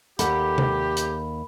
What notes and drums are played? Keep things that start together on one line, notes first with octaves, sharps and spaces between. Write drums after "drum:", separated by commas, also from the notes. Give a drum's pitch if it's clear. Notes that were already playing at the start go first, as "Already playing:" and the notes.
D#2 G4 A4 F#5 B5, drum: hi-hat
drum: tom C3
drum: hi-hat